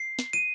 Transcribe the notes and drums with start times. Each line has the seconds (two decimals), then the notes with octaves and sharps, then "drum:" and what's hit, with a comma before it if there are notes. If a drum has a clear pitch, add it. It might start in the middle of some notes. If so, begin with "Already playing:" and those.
Already playing: C7
0.19 drum: snare
0.33 D#7